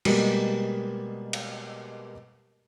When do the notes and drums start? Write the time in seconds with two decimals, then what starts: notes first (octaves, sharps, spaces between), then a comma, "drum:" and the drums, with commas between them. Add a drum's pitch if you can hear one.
0.05 B2 G3 G#3 A#3, drum: cymbal
1.33 drum: cymbal